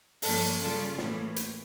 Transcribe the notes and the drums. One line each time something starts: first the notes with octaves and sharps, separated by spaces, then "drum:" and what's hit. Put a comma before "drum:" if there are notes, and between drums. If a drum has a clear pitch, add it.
G2 F3 A#3 C#4 A4, drum: open hi-hat
C#3 G3 C#4 F4 A4
A2 E3 A#3 C#4, drum: snare
drum: hi-hat